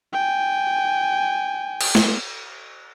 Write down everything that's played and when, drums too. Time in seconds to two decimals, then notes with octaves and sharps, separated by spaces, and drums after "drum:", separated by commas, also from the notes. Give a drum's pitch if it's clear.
0.13 G5 G#5
1.81 drum: cymbal
1.95 drum: snare